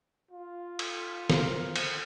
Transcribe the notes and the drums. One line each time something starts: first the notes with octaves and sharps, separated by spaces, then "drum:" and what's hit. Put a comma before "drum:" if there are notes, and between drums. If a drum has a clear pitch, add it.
F4
drum: cymbal
A#4 C5 F5, drum: snare
drum: cymbal